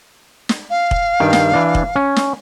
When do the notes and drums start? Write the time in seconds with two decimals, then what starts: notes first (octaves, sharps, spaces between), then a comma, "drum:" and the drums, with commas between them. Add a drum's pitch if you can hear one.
0.49 drum: snare
0.70 F5
0.91 drum: kick
1.20 G2 D#3 G5
1.33 drum: snare
1.53 E3 D4
1.75 drum: kick
1.96 C#4
2.16 drum: snare